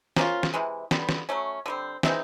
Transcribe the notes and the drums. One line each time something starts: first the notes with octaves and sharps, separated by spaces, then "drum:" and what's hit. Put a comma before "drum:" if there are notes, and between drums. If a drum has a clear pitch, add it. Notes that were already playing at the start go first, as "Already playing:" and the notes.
F3 A#3 C#4 F4, drum: snare
drum: snare
C3 E3 G#3
D3 G3 B3, drum: snare
drum: snare
F#3 A3 C#4
D3 G3 C4
E3 G#3 C4 D#4, drum: snare